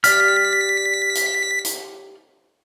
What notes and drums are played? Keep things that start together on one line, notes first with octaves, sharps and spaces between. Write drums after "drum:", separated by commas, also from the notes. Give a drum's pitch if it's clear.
G4 D5 F6 B6, drum: hi-hat
drum: hi-hat
drum: hi-hat